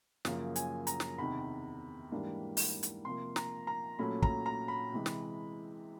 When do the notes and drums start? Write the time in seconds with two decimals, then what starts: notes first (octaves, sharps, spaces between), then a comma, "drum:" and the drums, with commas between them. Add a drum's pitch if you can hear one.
0.25 F#2 C#3 F3 A#3, drum: snare
0.56 G#5, drum: hi-hat
0.87 A#5, drum: hi-hat
1.00 drum: snare
1.18 E2 C3 D#3 B5
2.12 G#2 E3 G3 A#3 D4
2.57 drum: open hi-hat
2.83 drum: hi-hat
3.05 C3 F3 A#3 C6
3.36 A#5, drum: snare
3.67 A#5
3.99 A#2 F#3 A3 C#4 B5
4.22 A#5, drum: kick
4.46 A#5
4.68 B5
4.92 C3 E3 G#3
5.06 drum: snare